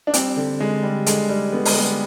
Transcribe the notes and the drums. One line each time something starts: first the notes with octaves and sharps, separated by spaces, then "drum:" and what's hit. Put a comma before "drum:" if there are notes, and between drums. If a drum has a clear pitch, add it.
D4
G3 C4, drum: hi-hat
D3
D3 G#3
G3
D3 G#3, drum: hi-hat
G3
D3 B3
G#3, drum: open hi-hat
G3 B3